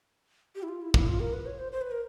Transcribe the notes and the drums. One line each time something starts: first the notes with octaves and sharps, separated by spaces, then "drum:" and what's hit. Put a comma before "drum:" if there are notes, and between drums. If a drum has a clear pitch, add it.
G4
E4
F4
E4
E4, drum: kick
F4
A#4
B4
C#5
C5
C5
B4
A#4